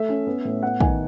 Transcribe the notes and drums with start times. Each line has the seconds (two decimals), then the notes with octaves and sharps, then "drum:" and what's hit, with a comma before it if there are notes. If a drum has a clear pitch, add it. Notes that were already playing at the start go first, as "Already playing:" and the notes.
Already playing: A3 E5
0.09 C#4
0.27 B3
0.45 A2
0.63 B3 F#5
0.80 D#3 G#5, drum: kick